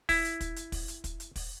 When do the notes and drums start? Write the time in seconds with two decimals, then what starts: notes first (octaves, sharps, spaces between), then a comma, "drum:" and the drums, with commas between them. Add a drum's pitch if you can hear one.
0.09 E4, drum: kick, open hi-hat
0.25 drum: hi-hat
0.41 drum: kick, hi-hat
0.56 drum: hi-hat
0.72 drum: kick, open hi-hat
0.88 drum: hi-hat
1.04 drum: kick, hi-hat
1.20 drum: hi-hat
1.36 drum: kick, open hi-hat